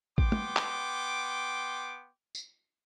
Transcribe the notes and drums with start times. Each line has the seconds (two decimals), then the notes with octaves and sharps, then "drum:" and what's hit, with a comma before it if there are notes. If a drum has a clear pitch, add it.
0.18 B3 G5 C6 D6, drum: kick A1
0.32 drum: tom
0.56 drum: clap
2.35 drum: tambourine